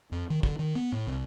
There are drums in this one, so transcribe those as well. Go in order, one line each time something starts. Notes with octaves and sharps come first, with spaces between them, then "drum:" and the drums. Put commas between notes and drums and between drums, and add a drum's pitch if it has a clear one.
F2
D#3
D3, drum: kick
D#3
B3
A2
C2